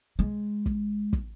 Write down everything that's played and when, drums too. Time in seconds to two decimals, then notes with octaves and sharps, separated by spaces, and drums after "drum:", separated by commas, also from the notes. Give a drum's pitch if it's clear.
0.19 G#3
0.66 drum: kick
1.13 drum: kick